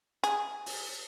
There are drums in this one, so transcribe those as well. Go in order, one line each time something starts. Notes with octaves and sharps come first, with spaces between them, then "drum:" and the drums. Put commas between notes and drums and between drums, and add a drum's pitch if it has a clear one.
G#4, drum: hi-hat
drum: open hi-hat